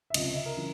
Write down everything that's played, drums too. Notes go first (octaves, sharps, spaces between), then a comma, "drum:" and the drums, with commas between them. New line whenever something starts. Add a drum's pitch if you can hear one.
E5
C#2 C3 F3 D#5, drum: cymbal
D#5
E5
A#4
C#3 E3